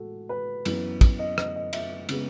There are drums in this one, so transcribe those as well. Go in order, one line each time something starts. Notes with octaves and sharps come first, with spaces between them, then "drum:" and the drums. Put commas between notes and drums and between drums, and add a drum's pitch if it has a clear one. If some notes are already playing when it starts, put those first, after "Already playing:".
Already playing: A2 G#3 F#4 A4
B4
F#2 E3 B3, drum: cymbal
drum: kick, cymbal
D#5
D#5, drum: rim click
D#5
E5, drum: cymbal
C#3 G#3 B3, drum: cymbal